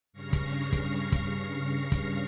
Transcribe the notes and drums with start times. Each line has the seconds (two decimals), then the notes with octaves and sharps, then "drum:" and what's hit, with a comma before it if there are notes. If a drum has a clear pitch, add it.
0.13 G2 C#3 C#6 F6 A#6 C7
0.33 drum: kick, hi-hat
0.73 drum: kick, hi-hat
1.12 drum: kick, hi-hat
1.92 drum: kick, hi-hat